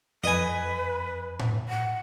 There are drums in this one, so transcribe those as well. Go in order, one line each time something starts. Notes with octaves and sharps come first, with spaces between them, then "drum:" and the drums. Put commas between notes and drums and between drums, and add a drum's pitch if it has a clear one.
F2 B4 D#5 G#5
drum: tom A2
F#5